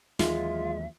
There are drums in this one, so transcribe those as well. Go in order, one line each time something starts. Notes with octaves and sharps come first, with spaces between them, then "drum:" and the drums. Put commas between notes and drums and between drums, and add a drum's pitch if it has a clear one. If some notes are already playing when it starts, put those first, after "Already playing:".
D#2 E3 F#3 G#3 F4 E5, drum: snare